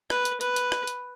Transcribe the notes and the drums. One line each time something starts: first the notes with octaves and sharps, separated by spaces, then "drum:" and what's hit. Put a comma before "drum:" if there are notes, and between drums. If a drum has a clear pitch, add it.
B4, drum: rim click
drum: hi-hat
B4, drum: hi-hat
drum: hi-hat
drum: rim click
drum: hi-hat